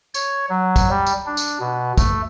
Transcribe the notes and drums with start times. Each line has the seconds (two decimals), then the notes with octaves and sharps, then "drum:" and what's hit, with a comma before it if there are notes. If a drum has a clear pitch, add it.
0.14 C#5, drum: tambourine
0.50 F#3
0.76 drum: kick, tambourine
0.90 G3
1.06 drum: tambourine
1.26 D4
1.37 drum: tambourine
1.60 B2
1.98 A3, drum: kick, tambourine